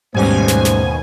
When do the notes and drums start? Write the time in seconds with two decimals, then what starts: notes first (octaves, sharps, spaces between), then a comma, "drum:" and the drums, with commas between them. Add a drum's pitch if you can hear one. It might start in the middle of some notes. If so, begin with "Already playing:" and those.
0.14 D#2 G#2 B2 G3 A3 C#4 C5 G#5
0.48 drum: snare
0.65 drum: snare